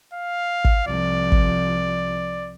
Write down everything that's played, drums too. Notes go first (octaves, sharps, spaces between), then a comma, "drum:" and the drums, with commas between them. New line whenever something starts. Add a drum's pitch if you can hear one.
F5
drum: kick
C2 F3 D5
drum: kick